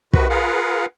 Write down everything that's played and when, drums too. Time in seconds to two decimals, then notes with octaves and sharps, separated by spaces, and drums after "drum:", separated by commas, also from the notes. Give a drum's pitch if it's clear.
0.13 C3 D#3 F#4 B4, drum: kick
0.30 F4 G#4 A#4 B4 F5 F#5